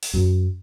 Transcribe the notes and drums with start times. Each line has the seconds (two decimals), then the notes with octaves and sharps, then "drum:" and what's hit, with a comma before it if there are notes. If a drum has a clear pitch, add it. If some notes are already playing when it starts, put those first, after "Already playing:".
0.03 drum: open hi-hat
0.13 F#2